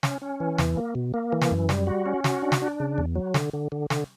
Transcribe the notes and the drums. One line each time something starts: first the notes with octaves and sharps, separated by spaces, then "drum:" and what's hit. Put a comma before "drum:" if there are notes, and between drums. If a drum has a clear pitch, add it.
C#4, drum: snare
C#4
E3
E2, drum: snare
A#3
B2
A#3
E3
drum: snare
F#2
G3, drum: snare
F#4
C#4
F#4, drum: snare
D4
drum: snare
D4
C#3
E2
F#3
D3, drum: snare
D3
D3
D3, drum: snare